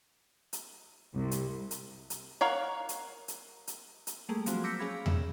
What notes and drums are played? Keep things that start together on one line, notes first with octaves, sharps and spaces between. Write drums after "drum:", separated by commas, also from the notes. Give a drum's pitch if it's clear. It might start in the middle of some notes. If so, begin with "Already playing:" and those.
drum: hi-hat
C2
drum: hi-hat
drum: hi-hat
drum: hi-hat
A#4 C#5 F5 F#5
drum: hi-hat
drum: hi-hat
drum: hi-hat
drum: hi-hat
G3 A3 A#3 G#4
F3 F#3 G#3 C4 F4 F#4, drum: hi-hat
D6 E6 G6 A#6 B6 C#7
C#4 G#4 F5 B5 G#6
E5 E6, drum: tom E2